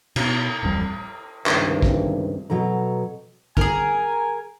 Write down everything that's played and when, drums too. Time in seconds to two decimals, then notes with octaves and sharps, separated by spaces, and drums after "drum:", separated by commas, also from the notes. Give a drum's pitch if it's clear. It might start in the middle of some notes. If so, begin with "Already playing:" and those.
0.16 B2 B3, drum: cymbal
0.63 D1 A1 F2 G3
1.46 C#2 G2 C3 D#3, drum: clap
1.82 drum: kick
2.50 B2 F#3 A4 A#5
3.57 G#4 A#4 G#5, drum: kick